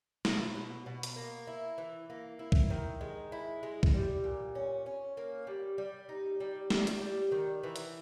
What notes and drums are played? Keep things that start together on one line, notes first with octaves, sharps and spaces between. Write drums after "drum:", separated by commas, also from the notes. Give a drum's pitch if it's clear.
B2, drum: snare
B2
B2
drum: hi-hat
A#3
E4
E3
A#3
E4
drum: kick C2
D#3
G#3
E4
G#3
drum: kick C2
G3
A#2
C#4
C#4
A#3
G3
G3
D#4
G3
G3, drum: snare
drum: hi-hat
G3
D#3
E3
drum: hi-hat